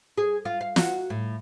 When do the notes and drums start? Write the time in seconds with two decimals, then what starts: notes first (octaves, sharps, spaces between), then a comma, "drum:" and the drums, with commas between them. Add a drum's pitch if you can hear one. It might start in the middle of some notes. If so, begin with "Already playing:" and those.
0.18 G#4
0.45 F4
0.61 F5
0.76 F#4, drum: snare
1.10 A2